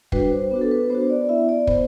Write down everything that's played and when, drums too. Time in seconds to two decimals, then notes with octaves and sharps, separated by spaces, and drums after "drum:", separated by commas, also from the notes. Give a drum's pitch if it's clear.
0.12 G3 D4 F#4 B4, drum: kick
0.32 C5
0.51 B3 D4 F#4 B4
0.61 A4
0.72 B4
0.90 B3 D4 F#4 C5
1.10 D5
1.29 B3 E4 E5
1.49 D5
1.67 B3 C5, drum: kick